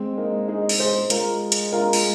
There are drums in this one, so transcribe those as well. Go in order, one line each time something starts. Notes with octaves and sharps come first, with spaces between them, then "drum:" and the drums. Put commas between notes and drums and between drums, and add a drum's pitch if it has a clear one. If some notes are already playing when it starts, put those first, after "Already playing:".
Already playing: G#3 C4
A#3 D#4
D#4 G#4
drum: open hi-hat
G#4 C5
G#3 F4 A#4, drum: hi-hat
drum: hi-hat
F4 A#4
drum: open hi-hat